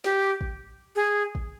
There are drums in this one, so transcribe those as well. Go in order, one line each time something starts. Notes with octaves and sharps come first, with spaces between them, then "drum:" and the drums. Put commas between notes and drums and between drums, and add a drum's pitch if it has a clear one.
G4, drum: snare
drum: kick
G#4
drum: kick